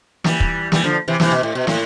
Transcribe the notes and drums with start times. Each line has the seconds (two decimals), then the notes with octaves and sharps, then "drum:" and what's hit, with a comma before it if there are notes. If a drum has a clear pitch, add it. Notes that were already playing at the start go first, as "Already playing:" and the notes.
0.24 E3 G3, drum: snare
0.40 drum: kick
0.72 E3 G3, drum: snare
0.84 D3 F3
1.08 C3 E3
1.20 C3 E3, drum: snare
1.31 B2
1.43 A2
1.55 B2
1.67 A2, drum: snare